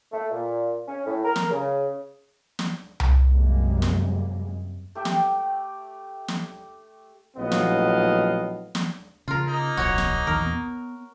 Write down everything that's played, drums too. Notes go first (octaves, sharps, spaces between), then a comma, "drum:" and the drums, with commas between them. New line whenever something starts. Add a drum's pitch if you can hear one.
A3
A#2
C#4
A2
A#4
drum: snare
C#3
drum: snare
drum: tom C2
F#2 C3 G3 G#3 A#3
drum: snare
A3 G4 E5 G5
drum: snare
drum: snare
A#1 A2 F#3 B3 D#5 F5
drum: snare
drum: snare
C#3 F4 A#4
A#3 D#4
D1 B1 F#4 C#5
drum: snare
A#1 E2 D#3 A#4
B3